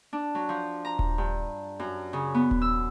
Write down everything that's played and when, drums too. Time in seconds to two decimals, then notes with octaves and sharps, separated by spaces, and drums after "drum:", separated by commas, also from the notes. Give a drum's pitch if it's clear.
0.13 D4
0.35 F#3
0.49 F3
0.85 A#5
0.99 drum: kick D#1
1.18 G2
1.79 F#2
2.13 C#3
2.34 B3
2.51 drum: kick D#1
2.62 E6